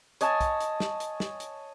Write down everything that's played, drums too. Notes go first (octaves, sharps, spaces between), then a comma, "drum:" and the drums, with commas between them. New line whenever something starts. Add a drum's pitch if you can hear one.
C#5 D#5 G#5 A5, drum: hi-hat
drum: kick, hi-hat
drum: hi-hat
drum: snare
drum: hi-hat
drum: snare
drum: hi-hat